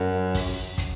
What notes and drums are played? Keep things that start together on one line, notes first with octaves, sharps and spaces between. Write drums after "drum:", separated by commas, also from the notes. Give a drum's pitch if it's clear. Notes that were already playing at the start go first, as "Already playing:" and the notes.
Already playing: F#2
drum: kick, open hi-hat
drum: kick, hi-hat